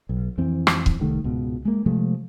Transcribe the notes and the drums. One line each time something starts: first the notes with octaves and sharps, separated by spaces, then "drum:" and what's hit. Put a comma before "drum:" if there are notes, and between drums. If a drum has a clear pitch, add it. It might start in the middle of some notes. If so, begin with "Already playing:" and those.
B1
F2 E3 C4
drum: rim click
drum: kick C#1
C2 D#3 A3
C#2 G#2 B2
G#3 A#3
C3 F3 G#3 A3